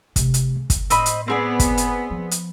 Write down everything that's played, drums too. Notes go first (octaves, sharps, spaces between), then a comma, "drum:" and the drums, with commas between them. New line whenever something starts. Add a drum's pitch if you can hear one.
C3 A3, drum: kick, hi-hat
drum: hi-hat
C#3
drum: kick, hi-hat
A2 C4 D#5 B5, drum: hi-hat
drum: hi-hat
B3 C4 G#4 D5
drum: kick, hi-hat
drum: hi-hat
F3
drum: hi-hat